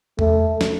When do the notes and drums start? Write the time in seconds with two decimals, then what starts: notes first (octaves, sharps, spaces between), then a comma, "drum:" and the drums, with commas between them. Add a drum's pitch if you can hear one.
0.19 A3, drum: tom E2
0.61 drum: snare